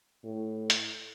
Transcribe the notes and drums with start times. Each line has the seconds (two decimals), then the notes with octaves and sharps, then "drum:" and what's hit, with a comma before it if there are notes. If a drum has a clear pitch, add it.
0.24 A2
0.70 drum: hi-hat